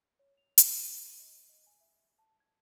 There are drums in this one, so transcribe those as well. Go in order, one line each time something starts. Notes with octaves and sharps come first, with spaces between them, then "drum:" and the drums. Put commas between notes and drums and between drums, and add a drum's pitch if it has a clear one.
C#5
F7
C6, drum: hi-hat
E7
D#5
D#5
G#5
E5
A5
G#6